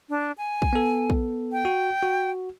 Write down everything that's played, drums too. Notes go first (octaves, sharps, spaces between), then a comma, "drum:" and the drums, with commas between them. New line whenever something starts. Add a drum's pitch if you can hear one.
D4
G#5
drum: kick
B3 A4
drum: kick
G5
F#4
F#4